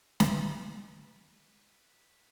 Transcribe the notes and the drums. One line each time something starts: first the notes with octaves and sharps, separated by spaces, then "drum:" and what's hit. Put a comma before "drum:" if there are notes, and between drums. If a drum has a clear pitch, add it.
B4, drum: snare